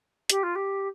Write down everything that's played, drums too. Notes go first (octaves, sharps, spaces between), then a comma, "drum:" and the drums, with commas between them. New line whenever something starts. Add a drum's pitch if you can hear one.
G4, drum: hi-hat
F4
G4